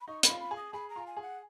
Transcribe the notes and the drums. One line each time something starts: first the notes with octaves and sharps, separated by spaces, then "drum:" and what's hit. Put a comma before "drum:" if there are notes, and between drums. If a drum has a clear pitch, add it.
B5
D#4 C#6
B5, drum: hi-hat
F4
B5
G#4
D#6
G#4 B5
A#5
F4
G#5
G#4
F#5